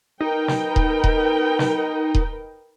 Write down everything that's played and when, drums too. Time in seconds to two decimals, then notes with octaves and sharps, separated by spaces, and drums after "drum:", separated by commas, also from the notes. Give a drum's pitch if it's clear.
0.20 D#4 A#4 B4 G5
0.48 drum: snare
0.76 drum: kick D#1
1.04 drum: kick D#1
1.59 drum: snare
2.15 drum: kick D#1